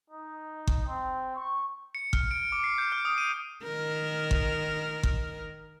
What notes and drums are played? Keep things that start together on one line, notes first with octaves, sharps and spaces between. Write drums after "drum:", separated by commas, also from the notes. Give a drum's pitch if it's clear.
D#4
drum: kick G1
C4
C#6
C#7
F6, drum: kick G1
D7
D6
C7
G6
F6
D#6
D#7
D#3 A#4
drum: kick G1
drum: kick G1